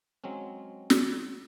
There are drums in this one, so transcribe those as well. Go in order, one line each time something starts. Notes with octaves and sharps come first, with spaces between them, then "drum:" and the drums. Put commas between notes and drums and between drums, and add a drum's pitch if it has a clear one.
F#3 G#3 C4 C#4
drum: snare